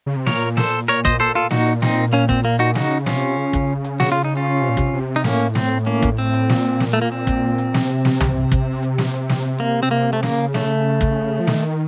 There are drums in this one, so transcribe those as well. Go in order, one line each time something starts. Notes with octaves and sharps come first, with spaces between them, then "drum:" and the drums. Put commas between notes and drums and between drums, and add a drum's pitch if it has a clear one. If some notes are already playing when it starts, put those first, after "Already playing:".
C#3
C3
A#2 A#4 C#5, drum: snare
drum: hi-hat
A4 C5, drum: snare
A#4 C#5
C5 D#5, drum: kick, hi-hat
A4 C5
F4 A4, drum: hi-hat
A#2 D#4 F#4, drum: snare
drum: hi-hat
C4 D#4, drum: snare
A#3 C#4
C4, drum: kick, hi-hat
A#3
D#4 F#4, drum: hi-hat
C#3 D#4 F#4, drum: snare
drum: hi-hat
C3 C#4 F4, drum: snare
C#3
drum: kick, hi-hat
drum: hi-hat
F#4, drum: snare
F4
D#4
C#4 F4
C3
A#2
C3, drum: kick, hi-hat
C3
D#4
A2 A#3 C#4, drum: snare
drum: hi-hat
C4, drum: snare
A#3 C#4
drum: kick, hi-hat
C4
drum: hi-hat
A#2, drum: snare
drum: hi-hat
drum: snare
A3
A#3
C4
drum: kick, hi-hat
drum: hi-hat
C3, drum: snare
drum: hi-hat
drum: snare
drum: tom
drum: kick
drum: hi-hat
drum: snare
drum: hi-hat
drum: snare
A#3
C4
A#3
A3
C#3 A#3, drum: snare
drum: hi-hat
A3, drum: snare
drum: kick, hi-hat
F3
D#3, drum: snare
drum: hi-hat